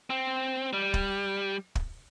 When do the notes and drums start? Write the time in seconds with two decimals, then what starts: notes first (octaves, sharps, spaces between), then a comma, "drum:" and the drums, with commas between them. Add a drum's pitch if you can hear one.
0.10 C4
0.73 G3
0.94 drum: kick
1.75 drum: kick